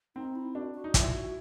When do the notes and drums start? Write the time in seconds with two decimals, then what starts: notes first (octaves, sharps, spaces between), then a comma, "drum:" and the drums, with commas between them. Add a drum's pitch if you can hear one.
0.16 C4 D#4
0.35 E4
0.55 D4 F#4
0.74 F#4
0.84 D#4
0.94 E4 F4, drum: kick, hi-hat
1.14 F#4